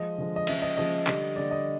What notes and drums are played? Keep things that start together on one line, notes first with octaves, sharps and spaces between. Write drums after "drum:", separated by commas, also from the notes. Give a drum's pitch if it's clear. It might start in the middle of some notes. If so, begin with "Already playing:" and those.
Already playing: F3 G#3 D#5
D3 F3 G#3
D#5
C#3 F3 G#3 E5, drum: cymbal
D#5
C#3 F3 G#3 D#5
D3 G3, drum: clap
D3 G3 D5
D#5